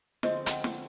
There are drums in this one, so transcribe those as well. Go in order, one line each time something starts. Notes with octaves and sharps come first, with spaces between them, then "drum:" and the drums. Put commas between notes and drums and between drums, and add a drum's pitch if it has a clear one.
D3 F3 G#3 C4 D#5, drum: snare
G5, drum: hi-hat
F#5
drum: snare